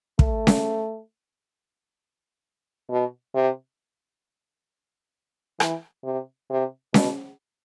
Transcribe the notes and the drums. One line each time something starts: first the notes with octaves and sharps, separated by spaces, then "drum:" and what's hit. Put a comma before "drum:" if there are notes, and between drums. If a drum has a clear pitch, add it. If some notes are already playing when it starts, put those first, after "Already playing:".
A3, drum: kick
drum: snare C#4
B2
C3
E3, drum: rim click
C3
C3
B2, drum: snare C#4